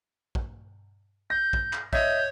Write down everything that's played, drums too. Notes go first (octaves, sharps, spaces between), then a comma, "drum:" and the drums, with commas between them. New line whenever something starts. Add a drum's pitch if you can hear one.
drum: kick
G6 A#6
drum: kick
drum: clap
C#5 D#5 E5 G6, drum: kick